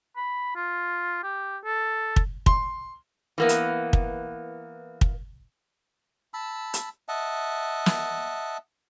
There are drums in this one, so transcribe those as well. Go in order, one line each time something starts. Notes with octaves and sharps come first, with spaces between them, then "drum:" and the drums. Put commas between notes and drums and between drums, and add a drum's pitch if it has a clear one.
B5
F4
G4
A4
drum: kick
C6, drum: kick
E3 A#3 B3
drum: hi-hat
drum: kick
drum: kick
A5 B5 E6
drum: hi-hat
D#5 E5 F#5 A5
drum: snare